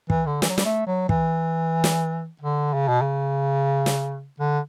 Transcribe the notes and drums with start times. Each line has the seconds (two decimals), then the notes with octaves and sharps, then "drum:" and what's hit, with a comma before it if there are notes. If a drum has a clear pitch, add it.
0.10 E3, drum: kick
0.26 D3
0.42 E3, drum: snare
0.50 F#3
0.58 G3, drum: snare
0.65 A3
0.87 F#3
1.09 E3, drum: kick
1.84 drum: snare
2.42 D3
2.74 C#3
2.88 B2
3.01 C#3
3.86 drum: snare
4.40 D3